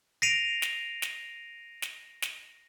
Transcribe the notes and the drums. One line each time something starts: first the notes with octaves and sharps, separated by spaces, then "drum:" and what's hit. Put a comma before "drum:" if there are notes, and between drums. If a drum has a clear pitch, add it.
A#6 C7 D7 D#7 F7
drum: snare
drum: snare
drum: snare
drum: snare